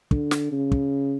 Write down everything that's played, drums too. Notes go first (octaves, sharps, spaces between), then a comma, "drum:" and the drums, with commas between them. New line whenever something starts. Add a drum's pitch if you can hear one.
D3, drum: kick
drum: snare
C#3
drum: kick